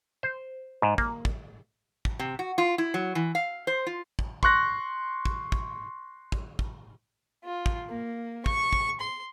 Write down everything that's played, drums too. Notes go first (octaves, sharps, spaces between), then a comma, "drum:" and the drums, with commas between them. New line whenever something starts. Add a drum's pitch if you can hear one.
C5
G#2
A#3, drum: kick
drum: kick
drum: kick
C3
F#4
F4
E4
F#3
E3
F5
C5
F4
drum: kick
C6 C#6 F#6 A#6, drum: kick
drum: kick
drum: kick
drum: kick
drum: kick
F4
drum: kick
A#3
C#6, drum: kick
drum: kick
C6